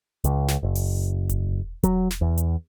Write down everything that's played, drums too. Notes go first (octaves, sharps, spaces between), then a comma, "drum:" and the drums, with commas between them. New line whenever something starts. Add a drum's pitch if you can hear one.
C#2, drum: hi-hat
drum: snare
F#1
drum: open hi-hat
drum: kick E1, hi-hat
F#3, drum: kick E1, hi-hat
drum: snare
E2
drum: hi-hat